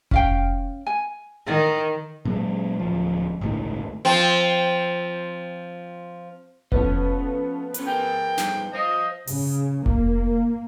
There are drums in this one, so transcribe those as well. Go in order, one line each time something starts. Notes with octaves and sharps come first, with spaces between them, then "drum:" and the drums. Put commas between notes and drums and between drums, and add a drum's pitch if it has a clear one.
C#4 F5 G5, drum: kick F1
G#5
D#3 D#4 D5
A#2 F#3 G#3
D1 F3
G1 C#2 A2 D#3
F3 C4
F3 A3 B3 C#4, drum: kick F1
C#4 B4, drum: hi-hat
G#4 A#4 G5 G#5
G3 D#4 G#4, drum: snare
C5 D#5 F5
C#3, drum: open hi-hat
A#3, drum: kick F1